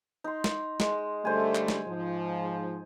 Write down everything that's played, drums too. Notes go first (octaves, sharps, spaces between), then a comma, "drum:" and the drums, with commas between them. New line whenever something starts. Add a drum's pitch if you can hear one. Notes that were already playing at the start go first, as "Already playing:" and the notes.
D#4 C6
drum: snare
G#3, drum: snare
D3 G3 A3 C5 G#5
drum: clap
drum: snare
G#2 F3